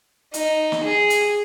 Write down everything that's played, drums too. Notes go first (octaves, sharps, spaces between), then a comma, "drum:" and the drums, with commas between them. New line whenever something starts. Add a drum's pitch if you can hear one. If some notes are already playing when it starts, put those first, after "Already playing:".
D#4, drum: hi-hat
drum: snare
G#4
drum: hi-hat